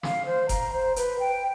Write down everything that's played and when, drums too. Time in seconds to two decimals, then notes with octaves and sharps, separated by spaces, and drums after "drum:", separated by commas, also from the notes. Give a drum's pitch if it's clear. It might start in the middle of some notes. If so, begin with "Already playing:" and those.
0.03 F5, drum: snare
0.26 C5
0.49 A#5, drum: kick F1, hi-hat
0.73 C5
0.96 B4, drum: hi-hat
1.19 G5